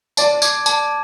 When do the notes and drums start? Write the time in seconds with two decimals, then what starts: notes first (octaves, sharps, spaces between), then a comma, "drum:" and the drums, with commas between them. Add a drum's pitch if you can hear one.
0.17 D5 A5, drum: tambourine
0.42 D6 G#6, drum: tambourine
0.66 A5, drum: tambourine